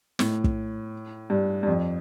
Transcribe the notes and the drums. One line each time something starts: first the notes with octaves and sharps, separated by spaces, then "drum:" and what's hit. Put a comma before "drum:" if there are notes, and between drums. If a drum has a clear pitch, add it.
A2, drum: snare
drum: kick
G2
G2
F2